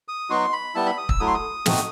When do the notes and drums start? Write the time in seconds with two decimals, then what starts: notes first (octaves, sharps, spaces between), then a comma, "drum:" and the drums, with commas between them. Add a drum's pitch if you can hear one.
0.08 D#6
0.30 F#3 B3 D#4 F#4 C6
0.53 B5
0.75 G3 B3 E4 A5
0.86 B5
0.98 D#6
1.09 E6, drum: kick
1.20 F#3 A3 E4 D#6
1.27 C6
1.34 D#6
1.66 A3 C4 D#4 F#4, drum: snare